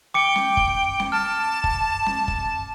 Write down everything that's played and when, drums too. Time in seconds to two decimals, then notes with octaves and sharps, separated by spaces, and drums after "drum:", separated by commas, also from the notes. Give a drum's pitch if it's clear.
0.14 G5 D6 C#7
0.36 drum: snare
0.57 drum: kick
1.00 drum: snare
1.12 A5 F6
1.64 drum: kick
2.07 drum: snare
2.28 drum: kick